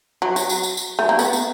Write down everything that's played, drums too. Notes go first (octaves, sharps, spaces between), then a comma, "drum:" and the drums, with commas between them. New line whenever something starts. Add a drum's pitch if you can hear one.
F#3
F#3, drum: tambourine
drum: tambourine
drum: tambourine
drum: tambourine
A3
A#3
B3, drum: tambourine
drum: tambourine